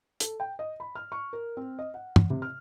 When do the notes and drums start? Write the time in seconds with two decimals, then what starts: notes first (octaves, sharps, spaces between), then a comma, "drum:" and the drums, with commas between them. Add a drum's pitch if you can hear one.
0.20 A4, drum: hi-hat
0.40 G5
0.59 D#5
0.80 B5
0.95 F6
1.12 C#6
1.33 A#4
1.57 C4
1.79 D#5
1.94 F#5
2.16 drum: tom
2.30 C3
2.42 F6